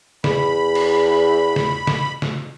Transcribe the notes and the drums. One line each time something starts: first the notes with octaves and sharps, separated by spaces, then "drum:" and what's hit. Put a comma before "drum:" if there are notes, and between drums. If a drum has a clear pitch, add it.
E2 B5, drum: snare
drum: cymbal
drum: snare
drum: snare
drum: snare